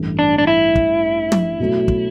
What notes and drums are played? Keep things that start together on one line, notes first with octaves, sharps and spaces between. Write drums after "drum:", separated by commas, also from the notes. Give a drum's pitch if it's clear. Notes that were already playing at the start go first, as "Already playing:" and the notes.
Already playing: A1 G2 E3 A3
D4
D4
E4
drum: kick
drum: tom
B2 F#3 A3
drum: kick